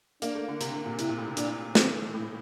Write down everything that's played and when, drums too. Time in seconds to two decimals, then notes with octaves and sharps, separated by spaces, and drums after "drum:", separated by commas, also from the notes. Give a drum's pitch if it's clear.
0.22 A#3 D4, drum: hi-hat
0.35 A3
0.48 D3
0.61 C3, drum: hi-hat
0.74 D3
0.86 A#2
0.99 C3 E4, drum: hi-hat
1.09 A#2
1.18 A2
1.28 C3
1.37 A#2 D4, drum: hi-hat
1.75 C4, drum: snare
2.14 A2